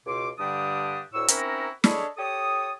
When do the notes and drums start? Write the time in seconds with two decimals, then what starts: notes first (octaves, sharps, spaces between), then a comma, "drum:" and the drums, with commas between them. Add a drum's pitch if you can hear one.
0.06 C#2 B2 C6 D6
0.38 G2 D3 G3 D4 G4 D#6
1.12 D2 A2 C#6 E6
1.28 C4 C#4 D#4 E4 F#4 A#4, drum: hi-hat
1.84 D4 G#4 A4 C#5 D#5 B5, drum: snare
2.17 G4 A4 C#5 D#6